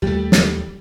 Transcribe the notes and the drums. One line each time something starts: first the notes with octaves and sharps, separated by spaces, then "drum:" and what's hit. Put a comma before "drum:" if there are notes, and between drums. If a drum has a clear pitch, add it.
D#2 G3 A3
drum: snare